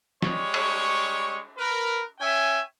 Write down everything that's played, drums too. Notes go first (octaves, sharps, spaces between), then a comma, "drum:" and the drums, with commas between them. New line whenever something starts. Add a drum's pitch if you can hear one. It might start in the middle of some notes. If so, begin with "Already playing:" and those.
G3 G#3 C#5 C#6, drum: snare
drum: cymbal
A#4 B4
C#4 E5 G5 G#5